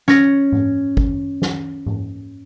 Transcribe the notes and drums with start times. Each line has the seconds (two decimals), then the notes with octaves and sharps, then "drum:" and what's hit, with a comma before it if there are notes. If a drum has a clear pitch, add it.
0.08 C#4 A#6, drum: snare
0.52 drum: tom G#2
0.97 drum: kick
1.42 drum: snare
1.86 drum: tom G#2